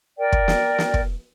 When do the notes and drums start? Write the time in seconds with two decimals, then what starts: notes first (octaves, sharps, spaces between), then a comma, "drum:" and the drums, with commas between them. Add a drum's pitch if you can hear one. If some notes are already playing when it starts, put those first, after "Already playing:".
0.17 A#4 D5 G5
0.32 drum: kick
0.48 drum: snare
0.78 drum: snare
0.94 drum: kick